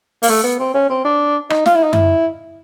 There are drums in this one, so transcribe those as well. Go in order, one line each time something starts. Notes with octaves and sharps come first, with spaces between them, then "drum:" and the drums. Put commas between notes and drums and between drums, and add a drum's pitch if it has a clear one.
A#3, drum: open hi-hat
A3
B3
C4
C#4
C4
D4
D#4, drum: rim click
F4, drum: snare
E4
D#4
E4, drum: tom F#2